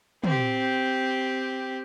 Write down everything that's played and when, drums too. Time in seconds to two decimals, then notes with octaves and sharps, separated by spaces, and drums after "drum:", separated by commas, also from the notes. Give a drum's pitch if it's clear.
0.24 C4 G4, drum: tom